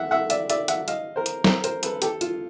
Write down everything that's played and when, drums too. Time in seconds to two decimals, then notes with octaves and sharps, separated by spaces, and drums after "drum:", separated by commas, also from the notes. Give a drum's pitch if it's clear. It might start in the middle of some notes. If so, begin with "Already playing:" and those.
Already playing: E5 F#5
0.11 E5 F#5
0.30 D5 E5, drum: hi-hat
0.50 D5 E5, drum: hi-hat
0.68 E5 F#5, drum: hi-hat
0.88 D#5 F5, drum: hi-hat
1.16 A#4 C5
1.26 drum: hi-hat
1.44 A#4 C5, drum: snare
1.64 A#4 C5, drum: hi-hat
1.83 A4 B4, drum: hi-hat
2.02 G4 A4, drum: hi-hat
2.21 F4, drum: hi-hat